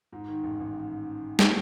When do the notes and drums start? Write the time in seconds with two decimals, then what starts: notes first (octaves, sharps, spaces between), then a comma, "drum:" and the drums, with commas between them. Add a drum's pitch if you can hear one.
0.12 G#2
0.28 D#3
0.43 A1
0.60 A1
1.39 drum: snare